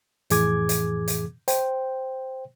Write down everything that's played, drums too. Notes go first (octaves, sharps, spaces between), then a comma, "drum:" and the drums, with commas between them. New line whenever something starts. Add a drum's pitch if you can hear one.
F2 A2 E3 G#4 D6 G#6, drum: hi-hat
drum: hi-hat
drum: hi-hat
C5 G5, drum: hi-hat